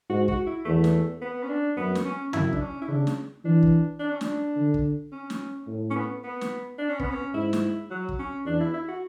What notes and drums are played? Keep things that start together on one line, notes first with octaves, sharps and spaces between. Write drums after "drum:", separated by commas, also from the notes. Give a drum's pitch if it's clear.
G#2 F#4
F#4, drum: kick
E4
E2 A3
drum: snare
B3
C#4
D4
F#2 B3
drum: snare
C#4
F#2 E4, drum: tom
D4, drum: kick
C#4
E4
C#3 D4
drum: snare
E3 D4
drum: kick
D4
C#4
D4, drum: snare
D3
drum: kick
C#4
drum: snare
A2
C#4
B3
B3
drum: snare
D4
C#4
B3, drum: kick
C#4
G#2 E4
drum: snare
F#3
drum: kick
C#4
E2 D4
E4
E4
F#4